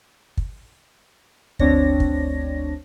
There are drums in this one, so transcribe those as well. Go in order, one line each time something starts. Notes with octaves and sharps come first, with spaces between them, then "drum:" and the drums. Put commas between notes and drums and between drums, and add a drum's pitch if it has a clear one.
drum: kick
G1 D2 C4 D4 C#5 A#6, drum: kick
drum: kick